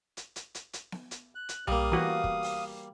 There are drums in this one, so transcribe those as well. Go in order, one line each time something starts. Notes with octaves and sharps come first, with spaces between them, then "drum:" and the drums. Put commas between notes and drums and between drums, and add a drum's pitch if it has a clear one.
drum: hi-hat
drum: hi-hat
drum: hi-hat
drum: hi-hat
drum: snare B3
drum: hi-hat
F#6
drum: hi-hat
G3 A#3 F5 D#6, drum: tom B1
E3 F#4
drum: kick
drum: open hi-hat